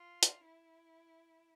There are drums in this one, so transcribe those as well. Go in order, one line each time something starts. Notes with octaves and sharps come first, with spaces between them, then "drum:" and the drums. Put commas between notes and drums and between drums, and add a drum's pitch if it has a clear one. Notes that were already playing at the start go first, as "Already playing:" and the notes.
Already playing: F4
drum: hi-hat
E4